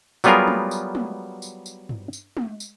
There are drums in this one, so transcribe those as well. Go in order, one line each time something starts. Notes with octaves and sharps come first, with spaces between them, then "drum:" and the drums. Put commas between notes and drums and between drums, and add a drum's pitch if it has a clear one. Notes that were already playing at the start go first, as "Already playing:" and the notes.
F#3 G3 B3 F4 G#4 A#4, drum: tambourine
drum: tom
drum: tambourine
drum: tom
drum: tambourine
drum: tambourine
drum: tom G2
drum: tambourine
drum: tom
drum: tambourine